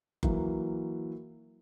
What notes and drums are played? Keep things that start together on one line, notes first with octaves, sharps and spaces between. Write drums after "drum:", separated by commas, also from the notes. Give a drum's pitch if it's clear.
E3 F#3 A#3, drum: kick F#1